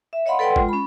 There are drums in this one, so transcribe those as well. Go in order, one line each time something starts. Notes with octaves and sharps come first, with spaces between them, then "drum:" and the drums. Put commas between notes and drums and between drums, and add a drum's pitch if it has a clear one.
E5
C#5 D#5 F5 F#5 B5 C6
A4 B4 D5 F#5 G5 C6
G#3 F4, drum: kick
C#4 B5